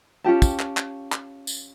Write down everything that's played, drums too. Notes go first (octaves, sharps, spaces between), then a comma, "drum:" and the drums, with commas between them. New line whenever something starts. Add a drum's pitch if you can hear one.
C#4 F4 G4 A5
drum: kick, tambourine
drum: clap
drum: clap
drum: clap
drum: tambourine